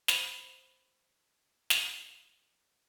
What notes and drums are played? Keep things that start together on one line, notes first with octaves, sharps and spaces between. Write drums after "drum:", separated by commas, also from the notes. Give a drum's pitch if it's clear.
C5 B5, drum: snare
drum: snare